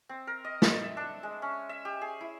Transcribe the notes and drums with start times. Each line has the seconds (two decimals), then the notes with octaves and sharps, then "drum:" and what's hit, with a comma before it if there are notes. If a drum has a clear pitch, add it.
0.09 C4
0.27 A#4
0.45 D#5
0.62 A4, drum: snare
0.83 E5
0.97 D4
1.23 G#3
1.42 C#4
1.69 E5
1.85 G4
2.01 G#4
2.21 E4